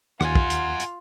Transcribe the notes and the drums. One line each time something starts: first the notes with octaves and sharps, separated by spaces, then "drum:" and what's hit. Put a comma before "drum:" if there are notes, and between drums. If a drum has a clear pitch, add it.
D#2 F4 F#5 G#5, drum: rim click
drum: kick
drum: hi-hat
drum: hi-hat